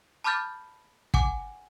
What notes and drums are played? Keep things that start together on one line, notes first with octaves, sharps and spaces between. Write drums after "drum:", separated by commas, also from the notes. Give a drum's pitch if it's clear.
A5 B5 D6 F6 G6 A6
F#5 G#5 D6, drum: kick